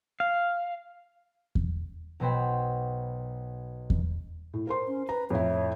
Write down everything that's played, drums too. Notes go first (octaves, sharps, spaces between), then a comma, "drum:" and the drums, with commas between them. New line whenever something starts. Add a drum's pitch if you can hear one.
F5
drum: kick E2
B1 B2 F#3 C5 G5 B5
drum: kick E2
A2
A#4 C5 C6
C#4
B4 A#5
F2 A2 E4 C#5